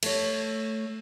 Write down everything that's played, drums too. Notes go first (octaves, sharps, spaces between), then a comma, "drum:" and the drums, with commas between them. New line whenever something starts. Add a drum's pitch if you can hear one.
A3 C#5, drum: cymbal